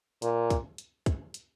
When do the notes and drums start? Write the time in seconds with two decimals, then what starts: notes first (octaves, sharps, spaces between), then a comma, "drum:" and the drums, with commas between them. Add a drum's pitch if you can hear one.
0.22 A#2, drum: hi-hat
0.50 drum: kick, hi-hat
0.78 drum: hi-hat
1.06 drum: kick, hi-hat
1.34 drum: hi-hat